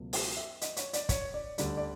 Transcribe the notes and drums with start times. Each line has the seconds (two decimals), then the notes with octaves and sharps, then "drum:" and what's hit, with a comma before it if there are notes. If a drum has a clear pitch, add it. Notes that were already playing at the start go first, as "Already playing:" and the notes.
Already playing: C#2 B2 F#3 A3
0.13 E5, drum: open hi-hat
0.37 E5
0.61 D#5, drum: hi-hat
0.77 C#5, drum: hi-hat
0.93 D5, drum: hi-hat
1.09 C#5, drum: kick, hi-hat
1.34 D5
1.58 D2 D3 G3 D5, drum: hi-hat
1.77 D5